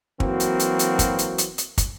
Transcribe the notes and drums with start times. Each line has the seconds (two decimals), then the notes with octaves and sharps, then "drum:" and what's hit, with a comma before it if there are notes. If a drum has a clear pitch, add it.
0.20 E3 F#3 A#3 C4 F#4, drum: kick
0.40 drum: hi-hat
0.59 drum: hi-hat
0.79 drum: hi-hat
0.99 drum: kick, hi-hat
1.19 drum: hi-hat
1.38 drum: hi-hat
1.58 drum: hi-hat
1.78 drum: kick, hi-hat